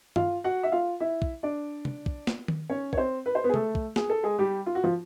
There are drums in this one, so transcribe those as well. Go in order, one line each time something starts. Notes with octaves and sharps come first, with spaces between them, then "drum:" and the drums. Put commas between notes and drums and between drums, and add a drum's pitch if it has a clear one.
F4 F5, drum: tom
F#4 F#5
E5
F4 F5
E4 E5
drum: kick
D4 D5
drum: tom C3
drum: kick
drum: snare
drum: tom D#3
C#4 C#5
C#5, drum: kick
C4 C5
B4
C5
B3 B4
G#4
A3 A4, drum: tom C3
drum: kick
G#4, drum: snare
A4
G#3 G#4
G3 G4
F4
F#4
F3 F4